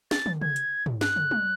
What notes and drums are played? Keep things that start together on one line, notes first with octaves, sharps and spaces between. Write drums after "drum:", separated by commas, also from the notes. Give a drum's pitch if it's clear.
A6, drum: snare
drum: tom
G#6, drum: tom
drum: hi-hat
drum: tom
F#6, drum: snare
drum: tom
drum: tom